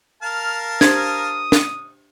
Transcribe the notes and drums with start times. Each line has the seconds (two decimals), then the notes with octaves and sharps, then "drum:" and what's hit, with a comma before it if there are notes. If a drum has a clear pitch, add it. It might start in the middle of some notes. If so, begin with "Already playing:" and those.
0.23 A#4 F5 A5 F6
0.81 D4 G4 C5 D#6 G#6, drum: snare
1.52 drum: snare